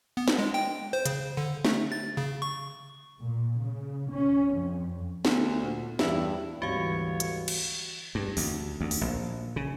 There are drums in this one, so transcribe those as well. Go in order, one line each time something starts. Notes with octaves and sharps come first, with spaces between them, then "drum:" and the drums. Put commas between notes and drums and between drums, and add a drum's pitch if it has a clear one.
B3
drum: snare
G#3
G5
C5
C#3, drum: hi-hat
D3
A3, drum: snare
A6
C#3
C#6
A#2
C#3
C#4
F2
D2 B3, drum: snare
A#2
E2 G2 E4, drum: snare
G#1 D2 E3 G3 F#4 C#5 F5
drum: hi-hat
drum: cymbal
G2
D2, drum: open hi-hat
D2
drum: open hi-hat
A#1
C#3